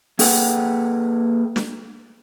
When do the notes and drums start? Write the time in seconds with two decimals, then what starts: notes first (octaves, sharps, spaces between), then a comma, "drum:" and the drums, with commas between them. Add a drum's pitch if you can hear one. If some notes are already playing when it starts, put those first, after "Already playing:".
0.19 A#3 G#4 A4 B4 F#5 G5, drum: open hi-hat
1.56 drum: snare